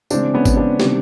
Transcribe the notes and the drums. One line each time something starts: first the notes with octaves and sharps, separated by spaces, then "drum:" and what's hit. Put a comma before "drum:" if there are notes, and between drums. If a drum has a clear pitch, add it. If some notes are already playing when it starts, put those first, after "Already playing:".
C#3 E3 G#3 C4 D4, drum: tambourine
B3 C#4
drum: kick G1, tambourine
C4 D4
C3 D#3 G3, drum: snare